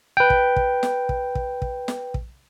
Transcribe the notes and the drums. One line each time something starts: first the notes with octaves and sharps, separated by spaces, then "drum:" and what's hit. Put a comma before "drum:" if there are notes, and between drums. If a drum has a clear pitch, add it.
B4 G5
drum: kick
drum: kick
drum: snare
drum: kick
drum: kick
drum: kick
drum: snare
drum: kick